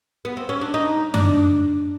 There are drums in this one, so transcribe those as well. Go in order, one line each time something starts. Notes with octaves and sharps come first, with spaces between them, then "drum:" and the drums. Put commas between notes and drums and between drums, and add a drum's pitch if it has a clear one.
B3
C4
C#4
D4
D#4
D4, drum: tom F#2